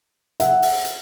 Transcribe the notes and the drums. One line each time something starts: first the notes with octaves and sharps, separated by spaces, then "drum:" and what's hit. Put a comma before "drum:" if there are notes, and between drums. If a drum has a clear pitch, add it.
E5 F#5, drum: hi-hat
drum: open hi-hat
drum: hi-hat